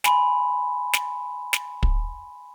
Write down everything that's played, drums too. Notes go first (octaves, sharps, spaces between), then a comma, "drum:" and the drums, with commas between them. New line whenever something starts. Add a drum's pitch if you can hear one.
G#5 B5 C6, drum: snare
drum: snare
drum: snare
drum: kick